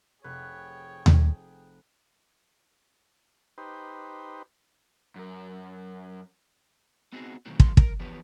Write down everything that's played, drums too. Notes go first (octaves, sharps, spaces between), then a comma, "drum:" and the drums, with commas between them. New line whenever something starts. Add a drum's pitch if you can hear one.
F1 G#4 B4 C#5 G5 F#6
drum: tom D#2
D#4 G4 B4 C5
F#2 A#4
B3 C4 D#4 F#4 G#4
B2 D#3 E3 F#3 A3 C4
E2 E3 G#3 A#3 C6, drum: kick
A#4, drum: kick
E3 F3 B3 G4 B4 C#5